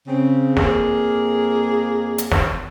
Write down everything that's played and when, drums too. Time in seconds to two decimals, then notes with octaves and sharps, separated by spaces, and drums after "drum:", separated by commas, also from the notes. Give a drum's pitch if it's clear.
0.07 C#3 C4
0.57 F2 A#3 G#4, drum: snare
2.18 drum: hi-hat
2.32 drum: snare